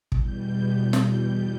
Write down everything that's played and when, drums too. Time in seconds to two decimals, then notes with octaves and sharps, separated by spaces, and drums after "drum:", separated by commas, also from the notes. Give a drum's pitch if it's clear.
0.12 E2 B2 G3 G6, drum: kick
0.93 drum: snare